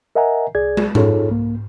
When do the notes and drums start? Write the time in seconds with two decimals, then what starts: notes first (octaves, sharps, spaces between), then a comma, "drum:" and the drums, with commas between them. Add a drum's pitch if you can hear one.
0.15 A#4 D#5 E5 F#5 G#5 A#5
0.55 C2 G#4 D5 G#6
0.77 drum: tom
0.95 D#4 F4 G#4 A4 C#5, drum: tom G#2
1.28 C2 A#3